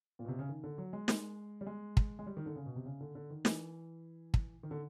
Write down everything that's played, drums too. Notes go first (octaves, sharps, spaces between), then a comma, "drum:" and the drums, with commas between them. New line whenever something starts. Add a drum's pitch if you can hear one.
A#2
B2
C3
C#3
D#3
D3
F#3
G#3
drum: snare
G3
G#3
drum: kick
G#3
G3
D#3
D3
C#3
B2
C3
C#3
D3
D3
D#3
E3, drum: snare
drum: kick
D#3
D3